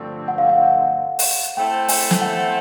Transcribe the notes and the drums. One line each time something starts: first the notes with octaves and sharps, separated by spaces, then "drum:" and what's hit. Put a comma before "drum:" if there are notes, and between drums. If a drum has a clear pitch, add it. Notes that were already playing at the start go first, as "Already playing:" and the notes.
Already playing: G2 D3 F3 A3 C4
F#5
F5
F#5
drum: open hi-hat
A3 C4 E4 A4 C5 G5
G#5, drum: open hi-hat
drum: snare
F#5